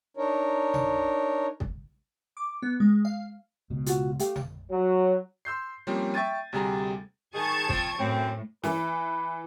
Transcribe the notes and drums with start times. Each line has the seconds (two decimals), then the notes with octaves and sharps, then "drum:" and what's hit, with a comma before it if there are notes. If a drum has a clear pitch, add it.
0.17 D4 D#4 A#4 C#5
0.74 drum: tom A#1
1.60 drum: kick
2.37 D6
2.62 B3
2.80 G#3
3.05 F5
3.70 C#2 B2
3.86 F4 F#4, drum: hi-hat
4.19 A3 G4 F5 G5, drum: hi-hat
4.36 drum: tom A#1
4.71 F#3
5.45 C6 E6 G6 C7
5.87 F3 G3 A#3 C4 C#4
6.14 E5 G5 C#6 G#6 A6 D#7
6.53 D2 C3 G3 G#4 A#5
7.35 D#3 G#4 A5 C#6 G#6
7.69 F3 C4, drum: kick
7.99 F#2 A2 C4
8.64 E3 B4, drum: snare